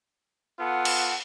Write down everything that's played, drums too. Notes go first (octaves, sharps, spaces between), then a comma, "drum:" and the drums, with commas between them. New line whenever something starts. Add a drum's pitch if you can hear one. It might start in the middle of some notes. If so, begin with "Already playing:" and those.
B3 F4 A4 F#5
drum: cymbal